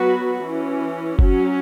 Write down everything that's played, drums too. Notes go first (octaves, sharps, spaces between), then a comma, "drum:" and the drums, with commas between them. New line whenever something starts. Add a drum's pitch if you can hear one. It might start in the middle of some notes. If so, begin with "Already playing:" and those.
Already playing: F#3 B3 F#4 B4
E3 C#4
F#3 C#4, drum: kick F#1